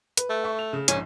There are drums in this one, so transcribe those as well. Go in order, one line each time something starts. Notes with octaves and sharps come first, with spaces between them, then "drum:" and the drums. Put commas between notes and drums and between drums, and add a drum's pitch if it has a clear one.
B4, drum: hi-hat
A3
E5 C#6
F7
C#3
A#1 G#2 C#4, drum: hi-hat